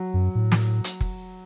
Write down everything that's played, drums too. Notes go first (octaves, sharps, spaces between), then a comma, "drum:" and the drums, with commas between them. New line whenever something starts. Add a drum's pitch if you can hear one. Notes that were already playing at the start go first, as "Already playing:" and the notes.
Already playing: F#3
F#2
A2
drum: snare
drum: hi-hat
drum: kick F#1